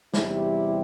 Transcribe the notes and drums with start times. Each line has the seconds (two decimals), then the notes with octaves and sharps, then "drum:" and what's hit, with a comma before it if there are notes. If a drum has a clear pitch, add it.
0.14 E2 C3 G3 E4, drum: snare